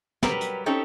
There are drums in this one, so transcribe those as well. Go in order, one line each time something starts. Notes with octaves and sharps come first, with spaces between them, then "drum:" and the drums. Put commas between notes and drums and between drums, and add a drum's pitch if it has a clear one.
F#3 G3 G4 A#4 B4, drum: snare
drum: hi-hat
C4 C#4 D#4 G4 A4